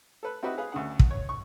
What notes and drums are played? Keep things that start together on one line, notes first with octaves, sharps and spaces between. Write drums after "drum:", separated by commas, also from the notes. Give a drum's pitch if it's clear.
A4 B4
C4 D#4 E4 F#4 G4 B4
G#4 B4 F5
D2 C#3 F#5
drum: kick
C#5
C#6